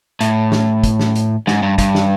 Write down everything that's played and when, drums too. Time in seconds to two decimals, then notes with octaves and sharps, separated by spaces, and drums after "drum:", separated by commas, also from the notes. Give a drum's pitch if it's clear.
0.21 A2, drum: hi-hat
0.52 drum: snare
0.84 drum: kick, hi-hat
0.99 drum: snare
1.15 drum: hi-hat
1.47 G#2, drum: snare
1.63 G2
1.78 G2, drum: kick, hi-hat
1.95 drum: snare